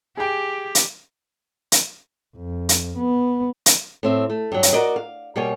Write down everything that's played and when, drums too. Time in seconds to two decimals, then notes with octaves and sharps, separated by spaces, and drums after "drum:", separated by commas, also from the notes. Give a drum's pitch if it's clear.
0.17 G4 G#4 G5
0.75 drum: hi-hat
1.72 drum: hi-hat
2.36 F2
2.69 drum: hi-hat
2.98 B3
3.66 drum: hi-hat
4.03 A2 C4 E5
4.30 A3
4.52 G2 F#3
4.63 drum: hi-hat
4.73 F#4 A#4 D5 D#5
4.96 F5
5.36 B2 G3 A#3 C#5 G#5